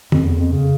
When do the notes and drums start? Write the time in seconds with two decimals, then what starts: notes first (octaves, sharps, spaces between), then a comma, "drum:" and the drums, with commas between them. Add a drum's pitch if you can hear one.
0.12 F2, drum: tom
0.25 E2
0.38 F2
0.52 C#3